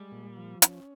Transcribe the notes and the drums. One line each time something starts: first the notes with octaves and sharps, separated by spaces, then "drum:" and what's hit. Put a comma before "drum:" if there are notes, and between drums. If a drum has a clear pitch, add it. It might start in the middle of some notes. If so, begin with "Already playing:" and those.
Already playing: G3 G#3
A#2
F3
C#4, drum: hi-hat